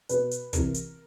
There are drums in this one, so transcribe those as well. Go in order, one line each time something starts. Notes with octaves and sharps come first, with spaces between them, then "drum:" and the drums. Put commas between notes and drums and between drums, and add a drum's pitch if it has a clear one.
B2 B4, drum: hi-hat
drum: hi-hat
C3 E3 A#4, drum: kick, hi-hat
drum: hi-hat